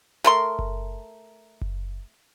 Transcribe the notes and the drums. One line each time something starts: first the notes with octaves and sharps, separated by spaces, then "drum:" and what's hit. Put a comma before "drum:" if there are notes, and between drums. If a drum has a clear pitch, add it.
A3 A#4 C6
drum: kick F#1
drum: kick F#1